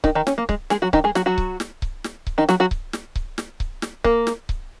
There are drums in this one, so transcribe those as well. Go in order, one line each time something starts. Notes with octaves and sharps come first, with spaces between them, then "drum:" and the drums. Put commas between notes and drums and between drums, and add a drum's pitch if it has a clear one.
D#3 D#4, drum: kick C#1
D#3 D#4
C#4, drum: snare
A#3
G#3, drum: kick C#1
G#3 G#4, drum: snare
F#3 F#4
D#3 D#4, drum: kick C#1
G#3 G#4
F#3 F#4, drum: snare
F#3 F#4
drum: kick C#1
drum: snare
drum: kick C#1
drum: snare
drum: kick C#1
D#3 D#4
F#3 F#4, drum: snare
F#3 F#4
drum: kick C#1
drum: snare
drum: kick C#1
drum: snare
drum: kick C#1
drum: snare
A#3, drum: kick C#1
drum: snare
drum: kick C#1